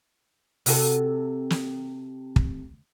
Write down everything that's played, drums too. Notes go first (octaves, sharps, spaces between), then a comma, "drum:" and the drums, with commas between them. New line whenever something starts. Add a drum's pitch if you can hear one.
C3 F#4 A4, drum: open hi-hat
drum: snare
drum: kick